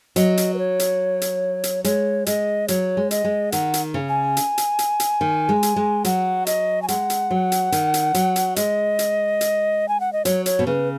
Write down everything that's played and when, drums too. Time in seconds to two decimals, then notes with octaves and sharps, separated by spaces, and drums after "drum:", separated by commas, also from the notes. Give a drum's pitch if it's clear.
0.16 F#3 D#5, drum: hi-hat
0.37 drum: hi-hat
0.54 B4
0.59 C#5
0.79 drum: hi-hat
1.21 drum: hi-hat
1.64 drum: hi-hat
1.84 G#3 C#5, drum: hi-hat
2.26 G#3 D#5, drum: hi-hat
2.68 F#3 C#5, drum: hi-hat
2.97 G#3
3.11 D#5, drum: hi-hat
3.24 G#3
3.52 D#3 F#5, drum: hi-hat
3.74 drum: hi-hat
3.94 C#3
4.09 G#5
4.37 drum: hi-hat
4.58 drum: hi-hat
4.79 drum: hi-hat
5.00 drum: hi-hat
5.21 D#3
5.49 G#3
5.63 drum: hi-hat
5.76 G#3
6.04 F#3 F#5, drum: hi-hat
6.47 D#5, drum: hi-hat
6.82 G#5
6.88 G#3 F#5, drum: hi-hat
7.10 drum: hi-hat
7.31 F#3
7.52 drum: hi-hat
7.72 D#3, drum: hi-hat
7.94 drum: hi-hat
8.14 F#3, drum: hi-hat
8.36 drum: hi-hat
8.56 G#3 D#5, drum: hi-hat
8.99 drum: hi-hat
9.41 drum: hi-hat
9.88 G#5
10.00 F#5
10.13 D#5
10.25 F#3 C#5, drum: hi-hat
10.46 C#5, drum: hi-hat
10.59 B2
10.67 C#3 B4